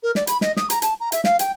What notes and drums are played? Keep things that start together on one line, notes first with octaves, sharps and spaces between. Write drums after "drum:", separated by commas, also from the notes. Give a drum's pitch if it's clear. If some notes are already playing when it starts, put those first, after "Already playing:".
A#4
D5, drum: snare
B5, drum: hi-hat
D#5, drum: snare
D#6, drum: snare
A#5, drum: hi-hat
A5, drum: hi-hat
A#5
E5, drum: hi-hat
F5, drum: snare
G5, drum: hi-hat